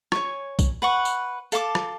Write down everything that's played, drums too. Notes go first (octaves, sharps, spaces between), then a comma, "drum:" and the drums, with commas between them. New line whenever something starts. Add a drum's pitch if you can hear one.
C#5 G#5 C#6, drum: rim click
drum: kick B1, tambourine
B4 F#5 C#6
drum: tambourine
A4 F5 A5 D6, drum: tambourine
drum: rim click